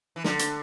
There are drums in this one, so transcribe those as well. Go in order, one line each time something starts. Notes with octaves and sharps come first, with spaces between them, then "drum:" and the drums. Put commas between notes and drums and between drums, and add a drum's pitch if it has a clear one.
E3
D3, drum: snare
drum: hi-hat